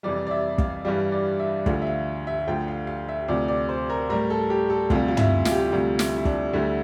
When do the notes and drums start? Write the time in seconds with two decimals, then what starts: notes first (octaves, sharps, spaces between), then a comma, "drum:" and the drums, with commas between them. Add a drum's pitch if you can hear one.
0.03 F2 C3 E3 G3 D5
0.27 D5
0.31 E5
0.58 F5, drum: kick
0.85 G2 E3 G3 F5
1.12 D5
1.39 E5
1.66 D2 D3 F3 F5, drum: kick
1.82 E5
1.87 F5
2.27 E5
2.47 D2 D3 F3 G5
2.68 F5
2.87 F5
3.09 E5
3.28 D2 C3 F3 D5
3.48 D5
3.69 C5
3.90 A#4
4.09 A2 G3 A#4
4.30 A4
4.50 G4
4.70 A4
4.90 D2 C3 G3 F4, drum: kick
5.08 F4
5.17 E4, drum: tom
5.45 F4, drum: snare
5.52 G4
5.59 F4
5.72 D2 C3 G3 F4
5.99 E4, drum: snare
6.17 E4
6.25 D4, drum: kick
6.53 D2 D3 G3 E4